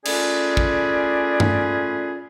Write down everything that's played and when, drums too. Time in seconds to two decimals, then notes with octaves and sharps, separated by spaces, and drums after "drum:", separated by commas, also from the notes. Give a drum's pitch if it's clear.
0.05 A3 C#4 F4 G#4 B4 D5, drum: cymbal
0.57 drum: kick
1.40 drum: tom G2